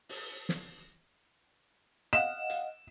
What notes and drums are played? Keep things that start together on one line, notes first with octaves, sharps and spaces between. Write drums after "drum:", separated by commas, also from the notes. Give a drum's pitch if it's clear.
drum: open hi-hat
drum: snare
D#5 F5 F#5 E7
drum: hi-hat